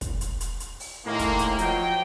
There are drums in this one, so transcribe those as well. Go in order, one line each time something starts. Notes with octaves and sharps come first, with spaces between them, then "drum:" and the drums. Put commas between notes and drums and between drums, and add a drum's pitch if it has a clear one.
drum: kick, hi-hat
drum: hi-hat
drum: hi-hat
drum: hi-hat
drum: open hi-hat
A2 D#3 G#3 A#3
drum: kick, hi-hat
drum: hi-hat
F3 F#3 D#5 G5, drum: hi-hat